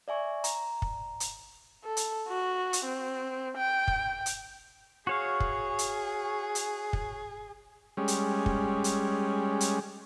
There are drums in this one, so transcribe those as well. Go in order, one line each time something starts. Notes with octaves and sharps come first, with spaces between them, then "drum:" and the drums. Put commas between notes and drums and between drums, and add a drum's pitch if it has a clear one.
D5 E5 G#5 C#6
A#5, drum: hi-hat
drum: kick
drum: hi-hat
A4
drum: hi-hat
F#4
drum: hi-hat
C4
G5
drum: kick
drum: hi-hat
F#4 G#4 C#5 F5
drum: kick
drum: hi-hat
drum: hi-hat
drum: kick
G3 G#3 C#4
drum: hi-hat
drum: kick
drum: hi-hat
drum: hi-hat